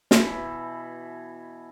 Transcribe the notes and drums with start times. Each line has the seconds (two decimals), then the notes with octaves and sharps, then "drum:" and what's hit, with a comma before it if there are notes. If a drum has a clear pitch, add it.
0.11 B2 E3 E5 B5, drum: snare